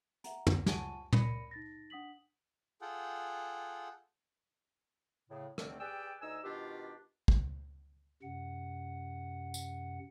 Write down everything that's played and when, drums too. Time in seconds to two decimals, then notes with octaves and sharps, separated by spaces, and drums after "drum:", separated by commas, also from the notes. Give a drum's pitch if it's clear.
0.24 E5 F#5 A#5, drum: hi-hat
0.47 drum: tom
0.66 F4 F#5 G#5 A5 C#6 D#7, drum: snare
1.13 A#4 D5 B5 A#6 C#7 D#7, drum: tom
1.51 D#4 A6 A#6
1.90 D4 F#5 D#6 B6 F#7
2.81 F4 G#4 A4 F#5 G5
5.30 A2 C#3
5.58 D#2 D3 D#3 A3 C4, drum: rim click
5.80 G4 G#4 B4 D5 G5 E6
6.21 D2 D#4 G#5 E6
6.44 B2 D#3 D4 F4 G4
7.28 drum: kick
8.23 F#2 C3 F#5
9.54 drum: tambourine